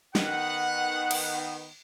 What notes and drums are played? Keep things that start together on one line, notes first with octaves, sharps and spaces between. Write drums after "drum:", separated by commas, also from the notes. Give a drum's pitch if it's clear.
D#3 B3 F#5, drum: snare
drum: cymbal